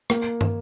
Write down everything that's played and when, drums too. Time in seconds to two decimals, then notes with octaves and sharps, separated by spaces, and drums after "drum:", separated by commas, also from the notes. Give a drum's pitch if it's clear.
0.10 A#3, drum: rim click
0.41 drum: tom